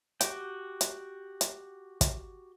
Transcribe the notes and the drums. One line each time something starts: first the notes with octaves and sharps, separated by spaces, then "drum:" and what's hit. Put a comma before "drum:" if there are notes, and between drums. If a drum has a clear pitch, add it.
F#4 G4 G5, drum: hi-hat
drum: hi-hat
drum: hi-hat
drum: kick, hi-hat